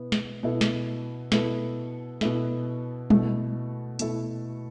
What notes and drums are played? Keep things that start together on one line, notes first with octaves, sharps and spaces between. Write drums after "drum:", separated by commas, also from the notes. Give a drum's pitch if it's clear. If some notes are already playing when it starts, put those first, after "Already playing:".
Already playing: B2 B3 E4
drum: snare
B2 B3 E4 A4
drum: snare
B2 B3 E4 A4, drum: snare
B2 B3 E4 A4, drum: snare
B2 A3 E4 A4, drum: tom G3
B2 A3 E4 A4, drum: hi-hat